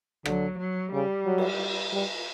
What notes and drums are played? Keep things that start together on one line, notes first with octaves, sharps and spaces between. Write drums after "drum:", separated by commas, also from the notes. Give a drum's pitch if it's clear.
D3 F#3, drum: rim click
F#3
C#3 G3
F#3
drum: cymbal
G3